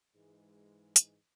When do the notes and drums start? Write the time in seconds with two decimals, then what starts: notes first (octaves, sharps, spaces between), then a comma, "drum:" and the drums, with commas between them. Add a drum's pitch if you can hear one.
0.16 G#2 E3 G#3
0.96 drum: hi-hat